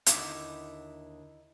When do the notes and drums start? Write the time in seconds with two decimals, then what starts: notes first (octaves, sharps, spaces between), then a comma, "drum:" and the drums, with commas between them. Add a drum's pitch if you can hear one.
0.06 D#2 D3 D#4 E4 F#5 D6, drum: hi-hat